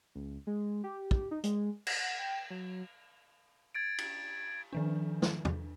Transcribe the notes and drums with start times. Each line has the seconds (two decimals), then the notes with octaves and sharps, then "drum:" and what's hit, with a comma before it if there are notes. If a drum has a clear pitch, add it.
0.15 C#2
0.47 G#3
0.84 G4
1.11 drum: kick
1.31 D#4
1.44 G#3, drum: hi-hat
1.87 F#5, drum: cymbal
2.19 G5
2.50 F#3
3.75 G#6 A6 D7
3.98 drum: cymbal
4.73 D#3 F3 D4
5.22 drum: snare
5.45 drum: tom E2